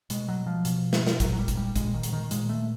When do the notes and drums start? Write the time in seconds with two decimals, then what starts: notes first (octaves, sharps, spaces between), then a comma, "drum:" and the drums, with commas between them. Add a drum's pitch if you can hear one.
0.10 B2 G#3, drum: hi-hat
0.29 F#3
0.47 F3
0.65 B2, drum: hi-hat
0.93 drum: snare
1.07 drum: snare
1.20 A#2 F#3, drum: kick, hi-hat
1.33 F#3
1.39 G3
1.48 drum: kick, hi-hat
1.57 G3
1.76 A#2 G#3, drum: kick, hi-hat
1.94 D#3
2.03 drum: hi-hat
2.13 D#3
2.31 A#2 G#3, drum: hi-hat
2.49 A3